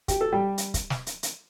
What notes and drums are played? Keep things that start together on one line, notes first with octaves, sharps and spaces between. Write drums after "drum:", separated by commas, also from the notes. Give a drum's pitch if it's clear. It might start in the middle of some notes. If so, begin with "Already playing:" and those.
G4, drum: kick, hi-hat
A4
G3 G4
drum: hi-hat
drum: kick, hi-hat
drum: snare
drum: hi-hat
drum: hi-hat